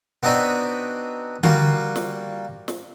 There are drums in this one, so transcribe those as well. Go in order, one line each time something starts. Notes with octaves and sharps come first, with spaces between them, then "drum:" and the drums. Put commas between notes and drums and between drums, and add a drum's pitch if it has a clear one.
B3 C4 D4 D#4 F#4 B5
G3 A#3 F4 F#4, drum: tom D3
drum: snare
drum: snare